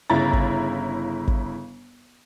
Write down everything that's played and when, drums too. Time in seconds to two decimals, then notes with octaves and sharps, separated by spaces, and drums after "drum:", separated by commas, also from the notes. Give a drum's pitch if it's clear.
0.10 G1 C#3 E4 A#5 A6
0.33 drum: kick
1.28 drum: kick